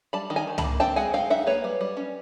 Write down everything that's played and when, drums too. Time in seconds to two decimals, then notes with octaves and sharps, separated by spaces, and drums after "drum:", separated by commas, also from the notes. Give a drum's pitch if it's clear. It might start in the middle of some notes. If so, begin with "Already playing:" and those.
0.13 G3 A5 B5
0.30 D#3
0.36 G#5 A#5
0.47 D#3
0.58 A5 B5, drum: tom
0.64 A#3
0.80 C4 G5 A5
0.96 G#3 F#5 G#5
1.13 G#3 F5 G5
1.30 D#4 E5 F#5
1.47 A#3 B4 C#5
1.64 G3
1.81 G3
1.97 C#4